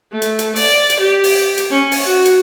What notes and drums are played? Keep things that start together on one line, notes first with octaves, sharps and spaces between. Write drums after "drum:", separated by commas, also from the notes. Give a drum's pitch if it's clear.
A3
drum: hi-hat
drum: hi-hat
D5, drum: open hi-hat
drum: hi-hat
G4
drum: open hi-hat
drum: hi-hat
C#4
drum: open hi-hat
F#4
drum: hi-hat